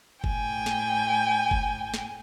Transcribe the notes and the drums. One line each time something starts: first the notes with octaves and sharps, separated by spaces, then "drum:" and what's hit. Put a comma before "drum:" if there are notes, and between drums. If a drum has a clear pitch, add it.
A2 G5 G#5, drum: kick G1
drum: snare
drum: kick G1
drum: snare